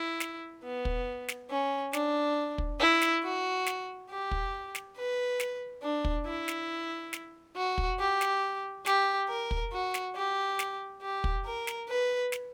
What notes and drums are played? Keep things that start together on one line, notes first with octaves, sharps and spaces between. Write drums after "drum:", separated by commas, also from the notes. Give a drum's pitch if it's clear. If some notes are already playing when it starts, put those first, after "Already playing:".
Already playing: E4
drum: snare
B3
drum: kick
drum: snare
C#4
D4, drum: snare
drum: kick
E4
drum: snare
F#4
drum: snare
G4
drum: kick
drum: snare
B4
drum: snare
D4
drum: kick
E4
drum: snare
drum: snare
F#4
drum: kick
G4
drum: snare
G4, drum: snare
A#4
drum: kick
F#4
drum: snare
G4
drum: snare
G4
drum: kick
A#4
drum: snare
B4
drum: snare